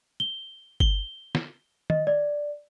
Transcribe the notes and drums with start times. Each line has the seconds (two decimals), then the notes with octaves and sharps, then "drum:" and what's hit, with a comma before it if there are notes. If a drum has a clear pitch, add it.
0.20 G7
0.80 G7, drum: kick G1
1.35 drum: snare
1.90 D#5, drum: tom D#3
2.07 D5